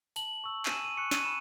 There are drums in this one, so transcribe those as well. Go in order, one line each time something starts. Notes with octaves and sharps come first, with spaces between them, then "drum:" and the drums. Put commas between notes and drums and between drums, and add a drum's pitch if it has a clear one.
A5 F#7, drum: tambourine
C#6 E6
D#7, drum: clap
G#5 E7
D#7
C#6 F#6 C#7
D#7, drum: snare
B5 E7